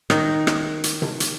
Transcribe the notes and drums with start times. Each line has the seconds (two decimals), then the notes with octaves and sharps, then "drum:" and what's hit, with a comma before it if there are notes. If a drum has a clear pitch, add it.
0.10 D#3 D#4, drum: rim click
0.47 drum: rim click
0.84 drum: hi-hat
1.02 drum: tom C3
1.20 drum: hi-hat